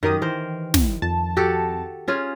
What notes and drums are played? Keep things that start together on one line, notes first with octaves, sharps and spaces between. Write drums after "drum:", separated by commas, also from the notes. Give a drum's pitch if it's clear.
F#2 D#3 G4 A#4 D#6
E3 A#4 C5
drum: snare
F2 A5
F#4 G4 A4
C#4 F4 G#4